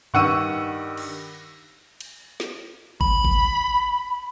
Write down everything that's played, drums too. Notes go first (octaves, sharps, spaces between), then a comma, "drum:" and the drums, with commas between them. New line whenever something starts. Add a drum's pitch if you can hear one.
G2 D#3 F#5 C#6 E6 D#7, drum: tom G2
drum: cymbal
drum: cymbal
drum: snare
B5, drum: kick G#1
drum: kick G#1